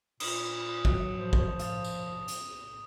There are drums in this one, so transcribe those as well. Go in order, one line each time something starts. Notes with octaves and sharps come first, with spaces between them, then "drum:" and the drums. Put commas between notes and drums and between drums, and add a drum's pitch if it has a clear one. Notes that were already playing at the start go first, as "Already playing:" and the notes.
A#2 D#6 E7 F#7, drum: cymbal
F#3, drum: kick
F3
drum: kick
F5 D#6 A6, drum: hi-hat
drum: tambourine
drum: hi-hat